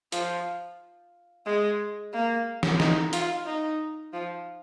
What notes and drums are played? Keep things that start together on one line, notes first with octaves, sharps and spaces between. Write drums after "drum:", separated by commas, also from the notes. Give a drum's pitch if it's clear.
F3, drum: hi-hat
G#3
A#3
drum: snare
D#4, drum: snare
F4, drum: hi-hat
D#4
F3